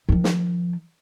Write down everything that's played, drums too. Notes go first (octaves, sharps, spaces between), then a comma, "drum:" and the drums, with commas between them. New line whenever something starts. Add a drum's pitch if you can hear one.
D#3 F3
drum: snare